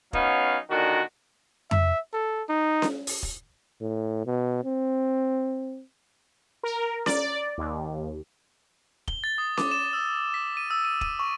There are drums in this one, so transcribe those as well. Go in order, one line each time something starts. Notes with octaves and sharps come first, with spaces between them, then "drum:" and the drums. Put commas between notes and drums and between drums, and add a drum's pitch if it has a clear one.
F#3 B3 C#4 D#4 F5, drum: kick
A#2 D3 D#3 D4 F#4
E5, drum: tom F2
A4
D#4
drum: snare C#4
drum: open hi-hat
drum: kick
A2
B2
C4
A#4
D5, drum: snare C#4
D#2
G7, drum: kick
A6
D#6
D6, drum: snare C#4
E7
E6
B6
D#7
E6
D#7
D#7, drum: kick
C#6